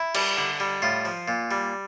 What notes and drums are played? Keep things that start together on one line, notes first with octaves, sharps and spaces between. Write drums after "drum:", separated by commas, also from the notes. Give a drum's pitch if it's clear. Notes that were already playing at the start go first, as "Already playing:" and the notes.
Already playing: E4
G3, drum: cymbal
D3
G3
A2 F4
F3
A#2
G3